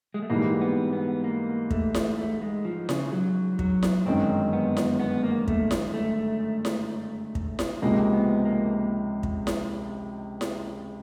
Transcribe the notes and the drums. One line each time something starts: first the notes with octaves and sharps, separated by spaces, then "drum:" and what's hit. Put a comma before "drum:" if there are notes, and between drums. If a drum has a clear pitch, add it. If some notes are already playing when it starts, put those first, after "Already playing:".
G#3
A3
G#2 E3 G3 A#3
B3
B3
A#3
A3, drum: kick
drum: snare E4
A3
G#3
F3
C#3, drum: snare E4
F#3
F#3, drum: kick
drum: snare E4
G1 F#2 D#3 G#3 C4 C#4
B3
drum: snare E4
B3
A#3
A3, drum: kick
drum: snare E4
A3
drum: snare E4
drum: kick
drum: snare E4
C#2 C3 F3 G#3 A#3
B3
A#3
drum: kick
drum: snare E4
drum: snare E4